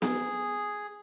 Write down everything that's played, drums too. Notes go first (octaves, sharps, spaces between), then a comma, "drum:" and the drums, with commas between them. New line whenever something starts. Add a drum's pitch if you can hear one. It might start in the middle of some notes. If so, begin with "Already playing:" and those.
G#4, drum: snare B3